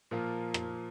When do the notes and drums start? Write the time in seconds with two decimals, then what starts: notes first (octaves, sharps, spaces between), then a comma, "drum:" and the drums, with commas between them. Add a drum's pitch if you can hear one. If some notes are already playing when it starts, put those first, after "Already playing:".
0.11 A#2 F3 A#3 F4
0.54 drum: rim click